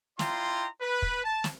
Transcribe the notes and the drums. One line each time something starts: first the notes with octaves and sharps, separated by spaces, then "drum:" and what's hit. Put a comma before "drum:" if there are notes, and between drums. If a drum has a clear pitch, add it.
E4 F4 D5 G5 A#5 C6, drum: snare
B4
drum: kick
A5
drum: snare